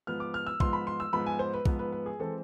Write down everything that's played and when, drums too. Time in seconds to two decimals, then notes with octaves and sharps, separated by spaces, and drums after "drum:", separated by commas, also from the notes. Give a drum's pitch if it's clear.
0.07 G#2 F3 B3 F6
0.20 D6
0.34 F6
0.47 E6
0.60 G#2 F3 B3 C6, drum: kick
0.73 B5
0.87 C6
1.00 E6
1.13 G#2 F3 B3 B5
1.26 G#5
1.39 C5
1.53 B4
1.66 G#2 F3 B3 B4, drum: kick
1.79 B4
1.92 B4
2.06 G#4
2.19 E3 G#3 C4 A4